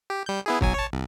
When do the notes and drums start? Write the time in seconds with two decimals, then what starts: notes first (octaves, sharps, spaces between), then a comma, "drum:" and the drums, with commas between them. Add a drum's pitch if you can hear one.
0.10 G4
0.26 G3 G6
0.46 B3 E4 G#4
0.61 B1 F#3 G#5, drum: kick
0.74 C#5 A5
0.93 C2